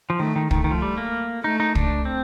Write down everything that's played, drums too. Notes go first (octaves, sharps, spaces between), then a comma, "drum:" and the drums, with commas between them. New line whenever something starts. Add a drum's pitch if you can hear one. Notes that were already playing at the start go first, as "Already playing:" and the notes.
F3
D#3 A3
D#3
D#3 A3, drum: kick
D#3
F3
G3
A#3
A3 D#4
D#4
D4, drum: kick
C4